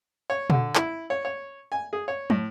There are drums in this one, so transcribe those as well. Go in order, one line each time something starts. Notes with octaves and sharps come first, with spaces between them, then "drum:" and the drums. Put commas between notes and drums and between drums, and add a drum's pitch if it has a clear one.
C#5
D3, drum: tom
E4, drum: clap
C#5
C#5
G#5
G#4
C#5
A2, drum: tom